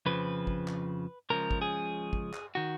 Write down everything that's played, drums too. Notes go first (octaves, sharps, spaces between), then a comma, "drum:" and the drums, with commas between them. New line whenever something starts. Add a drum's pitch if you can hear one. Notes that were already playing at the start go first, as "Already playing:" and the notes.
F2 C#3 F3 B4
drum: kick
drum: clap
C#2 C#3 F3 A#4
drum: kick
G#4
drum: kick
drum: clap
D#3 F#4